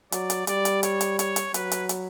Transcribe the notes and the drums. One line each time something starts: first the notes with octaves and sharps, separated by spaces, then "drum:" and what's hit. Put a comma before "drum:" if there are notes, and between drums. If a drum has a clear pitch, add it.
F#3 D5, drum: hi-hat
drum: hi-hat
G3 D5, drum: hi-hat
drum: hi-hat
C#5, drum: hi-hat
drum: hi-hat
C#5, drum: hi-hat
drum: hi-hat
F#3 B4, drum: hi-hat
drum: hi-hat
drum: hi-hat